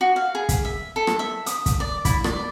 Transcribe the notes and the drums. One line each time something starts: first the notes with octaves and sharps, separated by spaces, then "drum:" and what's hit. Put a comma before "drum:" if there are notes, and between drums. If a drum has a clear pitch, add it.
F#4
F5
G#4
drum: kick, hi-hat
E5
A4
drum: rim click
E5
D#6, drum: hi-hat
drum: kick, hi-hat
D5
E4, drum: kick, hi-hat
D5, drum: rim click